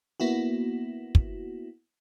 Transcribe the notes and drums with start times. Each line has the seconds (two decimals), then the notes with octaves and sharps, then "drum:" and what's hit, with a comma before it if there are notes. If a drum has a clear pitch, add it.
0.20 A#3 B3 E4 F#4
1.15 drum: kick